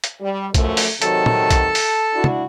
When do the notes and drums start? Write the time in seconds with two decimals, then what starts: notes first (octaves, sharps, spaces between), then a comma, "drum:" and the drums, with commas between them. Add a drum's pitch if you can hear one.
0.04 drum: hi-hat
0.21 G3
0.54 F#2 F3 A3, drum: kick, hi-hat
0.77 drum: open hi-hat
1.02 C3 D#3 F#3 A4 A5, drum: hi-hat
1.26 drum: tom
1.51 drum: kick, hi-hat
1.75 drum: open hi-hat
2.14 D4 E4 F#4
2.24 drum: tom